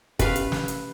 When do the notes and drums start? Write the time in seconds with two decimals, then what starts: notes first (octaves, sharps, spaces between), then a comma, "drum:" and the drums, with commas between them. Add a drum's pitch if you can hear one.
0.19 C#4 G4 B4 D#5 F5, drum: kick, hi-hat
0.36 drum: hi-hat
0.52 drum: snare
0.68 drum: hi-hat